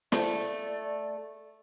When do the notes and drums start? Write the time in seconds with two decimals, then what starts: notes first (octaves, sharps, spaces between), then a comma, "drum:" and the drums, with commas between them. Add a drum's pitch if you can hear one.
0.12 A3 D5, drum: snare